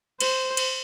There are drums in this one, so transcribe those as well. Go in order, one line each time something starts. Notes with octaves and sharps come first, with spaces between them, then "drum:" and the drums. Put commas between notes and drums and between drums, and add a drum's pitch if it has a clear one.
C5, drum: cymbal
drum: cymbal